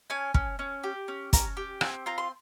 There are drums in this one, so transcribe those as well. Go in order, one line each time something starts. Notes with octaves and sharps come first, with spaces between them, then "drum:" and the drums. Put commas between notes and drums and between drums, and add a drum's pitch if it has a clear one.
C#4 G#5
C#4, drum: kick
C#4
G4
C#4
C#4 A#5, drum: kick, hi-hat
G4
C4 G#5, drum: rim click
F4 A#5
C6